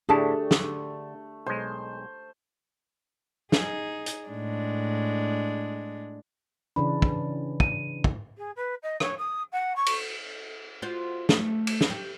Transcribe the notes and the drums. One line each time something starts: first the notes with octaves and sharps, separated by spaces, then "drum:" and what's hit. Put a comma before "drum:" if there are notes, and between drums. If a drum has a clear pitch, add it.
A2 D3 A3 D4 E4 G4 G#4 A5
D3, drum: snare
B1 G#3 C5
D#4 G#4, drum: snare
drum: hi-hat
A2 G#3 D4
C#3 E3 D4 B5
drum: kick
D#7, drum: kick
drum: kick
G#4
B4
D#5
C#5, drum: rim click
D#6
F#5
C#6
drum: cymbal
F4 F#4 C5
A3, drum: snare
drum: cymbal
drum: snare
G4